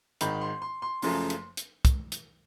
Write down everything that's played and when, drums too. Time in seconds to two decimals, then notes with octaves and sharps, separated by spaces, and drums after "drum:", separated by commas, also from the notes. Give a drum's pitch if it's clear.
0.21 G#1 G#2 D#3 B5, drum: hi-hat
0.41 C6
0.62 C6
0.82 C6
1.02 F#1 F#2 C#3 F3 A3 C6, drum: open hi-hat
1.30 drum: hi-hat
1.57 drum: hi-hat
1.85 drum: kick, hi-hat
2.12 drum: hi-hat